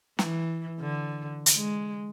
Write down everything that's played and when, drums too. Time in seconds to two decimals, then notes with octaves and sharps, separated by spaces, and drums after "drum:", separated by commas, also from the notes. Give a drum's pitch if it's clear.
0.19 E3, drum: snare
0.80 D3
1.46 drum: hi-hat
1.56 G#3